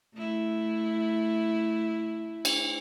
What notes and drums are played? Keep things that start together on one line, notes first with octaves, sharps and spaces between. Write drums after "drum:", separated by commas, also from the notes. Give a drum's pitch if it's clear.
A3 E4
drum: cymbal